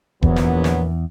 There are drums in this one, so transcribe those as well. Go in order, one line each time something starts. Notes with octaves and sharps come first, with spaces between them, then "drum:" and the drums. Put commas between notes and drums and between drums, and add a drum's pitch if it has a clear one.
A#1 E2 F#3 B3, drum: kick D#1
drum: snare
drum: snare